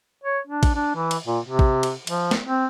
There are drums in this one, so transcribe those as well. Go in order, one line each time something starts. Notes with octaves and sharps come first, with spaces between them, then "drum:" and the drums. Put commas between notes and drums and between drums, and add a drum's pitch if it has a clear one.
C#5
D4
drum: kick A1, cymbal
D4
E3
drum: cymbal
A#2
C3
drum: kick A1
drum: cymbal
F3, drum: cymbal
drum: snare
C4